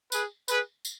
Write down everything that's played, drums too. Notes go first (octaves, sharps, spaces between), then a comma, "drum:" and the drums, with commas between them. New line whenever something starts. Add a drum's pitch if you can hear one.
G#4 B4, drum: tambourine
G#4 B4, drum: tambourine
drum: tambourine